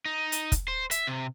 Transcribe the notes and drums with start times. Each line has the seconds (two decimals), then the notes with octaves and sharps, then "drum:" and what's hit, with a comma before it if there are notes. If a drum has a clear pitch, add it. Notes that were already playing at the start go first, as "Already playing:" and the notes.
0.05 D#4
0.32 drum: hi-hat
0.52 drum: kick, hi-hat
0.68 C5
0.91 E5, drum: hi-hat
1.07 C3